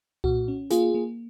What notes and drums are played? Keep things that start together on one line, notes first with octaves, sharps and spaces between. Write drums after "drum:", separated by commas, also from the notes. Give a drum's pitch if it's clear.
A#2 F#4, drum: kick C2
C#4
A#3 F4 G#4, drum: hi-hat
A#3